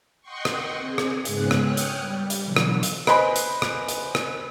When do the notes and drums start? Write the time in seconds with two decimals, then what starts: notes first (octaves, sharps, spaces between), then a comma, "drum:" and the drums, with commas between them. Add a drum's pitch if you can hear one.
0.21 D#5 F#5 G5 C6 C#6
0.45 drum: rim click
0.77 C4 G#4
0.98 drum: rim click
1.25 G#2 C#3 G#3 B3 G#4 F#6, drum: hi-hat
1.51 drum: rim click
1.60 C#5 G5 D#6 F6 F#6 C#7
1.77 drum: hi-hat
1.96 G3
2.30 drum: hi-hat
2.43 B2 D3 E3 F#3
2.56 drum: rim click
2.83 drum: hi-hat
3.07 B4 C5 D#5 G#5 B5, drum: rim click
3.36 drum: hi-hat
3.62 drum: rim click
3.88 drum: hi-hat
4.15 drum: rim click